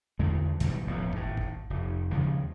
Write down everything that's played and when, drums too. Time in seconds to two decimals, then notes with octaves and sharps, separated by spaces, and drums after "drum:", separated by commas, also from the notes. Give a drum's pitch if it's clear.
0.19 E2 D3 G#3 A3
0.60 D#2 B2 F#3 G3, drum: hi-hat
0.87 D1 A1 F3 B3
1.13 G#1 A2, drum: kick F#1
1.37 drum: kick F#1
1.70 F1
2.12 D#2 C#3 F3 G#3